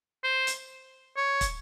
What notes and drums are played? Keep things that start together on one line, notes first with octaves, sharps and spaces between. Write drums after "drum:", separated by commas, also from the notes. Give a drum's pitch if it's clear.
C5
drum: hi-hat
C#5
drum: kick, hi-hat